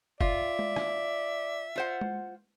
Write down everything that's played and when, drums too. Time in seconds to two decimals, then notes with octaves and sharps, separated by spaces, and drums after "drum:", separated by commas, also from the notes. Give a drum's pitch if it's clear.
0.21 F4 D5 E5, drum: kick
0.59 drum: tom G#3
0.76 drum: rim click
1.76 F4 C5 F#5
2.01 drum: tom G#3